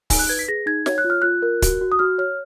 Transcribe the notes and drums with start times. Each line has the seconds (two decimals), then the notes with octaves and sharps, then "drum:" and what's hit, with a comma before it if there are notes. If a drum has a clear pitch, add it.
0.10 D#4 G#5, drum: kick, open hi-hat
0.19 F#6
0.29 B4 G#6
0.39 B6
0.48 G#4 A#6
0.66 D#4 G#6
0.86 C#5 G#6, drum: snare
0.98 F#6
1.04 F4
1.10 F6
1.22 F4 F#6
1.42 A#4
1.62 F#4, drum: kick, hi-hat
1.81 F#4
1.92 D#6
1.99 F#4 F6
2.18 C#5 F6